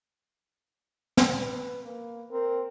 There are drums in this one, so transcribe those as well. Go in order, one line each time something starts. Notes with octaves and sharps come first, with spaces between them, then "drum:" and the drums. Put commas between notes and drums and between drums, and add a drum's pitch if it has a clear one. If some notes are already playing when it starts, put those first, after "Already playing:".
drum: snare
B4
A#3
C4 A#4